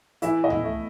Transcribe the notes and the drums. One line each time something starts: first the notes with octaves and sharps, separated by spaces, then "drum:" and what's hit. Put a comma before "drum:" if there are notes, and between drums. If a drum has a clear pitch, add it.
E3 E4 E5, drum: hi-hat
D#5
E4 E5, drum: tom C#2
A3